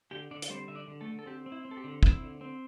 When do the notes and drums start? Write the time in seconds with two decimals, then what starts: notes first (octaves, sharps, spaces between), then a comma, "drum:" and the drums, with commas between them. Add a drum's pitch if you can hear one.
0.11 D3 G4 G5
0.31 D3 D4 D5
0.42 D5, drum: hi-hat
0.49 G3 C4 C5
0.68 D3 E5
0.75 D4 D5
0.88 D3
1.01 A3 A4
1.08 D3
1.19 A4
1.26 C4 G4
1.46 C4
1.52 E4
1.65 C4
1.71 A4
1.77 G4
1.84 D3
2.03 C4 E4 E5, drum: kick
2.22 D3
2.41 C4